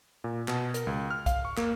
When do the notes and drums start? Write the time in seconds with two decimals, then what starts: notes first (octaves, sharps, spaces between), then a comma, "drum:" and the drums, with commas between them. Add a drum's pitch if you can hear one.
0.24 A#2
0.48 B2, drum: clap
0.74 A#4, drum: hi-hat
0.87 C#2
1.10 F6
1.26 F5, drum: kick, hi-hat
1.45 C#6
1.57 A#3, drum: clap